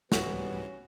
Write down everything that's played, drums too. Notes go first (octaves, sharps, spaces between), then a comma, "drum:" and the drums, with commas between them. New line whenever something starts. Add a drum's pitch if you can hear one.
C2 G#2 E3 G3 B3 C#4 F#4, drum: snare